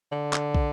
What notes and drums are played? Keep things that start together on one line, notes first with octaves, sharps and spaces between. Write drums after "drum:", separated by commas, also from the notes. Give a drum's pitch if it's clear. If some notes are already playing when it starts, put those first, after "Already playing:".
D3
drum: clap
drum: kick